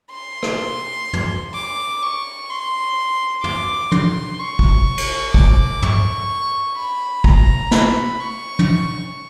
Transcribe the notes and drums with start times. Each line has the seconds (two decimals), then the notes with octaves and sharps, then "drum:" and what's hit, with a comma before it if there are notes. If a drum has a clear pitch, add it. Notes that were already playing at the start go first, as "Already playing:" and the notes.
0.11 C6
0.43 drum: rim click
1.13 drum: tom
1.54 D6
2.02 C#6
2.50 C6
3.44 D6, drum: tom
3.92 C6, drum: tom
4.39 C#6
4.59 drum: kick
4.98 drum: cymbal
5.34 D6, drum: kick
5.82 C#6, drum: tom
6.77 B5
7.24 A#5, drum: kick
7.71 B5, drum: snare
8.20 C#6
8.59 drum: tom